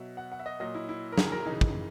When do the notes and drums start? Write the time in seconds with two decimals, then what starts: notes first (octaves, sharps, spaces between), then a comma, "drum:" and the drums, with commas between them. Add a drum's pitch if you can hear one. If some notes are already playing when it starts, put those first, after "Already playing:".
Already playing: B2 F#3 E5
0.17 F#5
0.32 F#5
0.39 E5
0.46 D#5
0.60 A#2 F#3 D#5
0.74 E4
0.89 E4
1.12 A#4
1.18 G#4, drum: snare
1.32 A#4
1.45 C#3 E3 D#4
1.61 drum: kick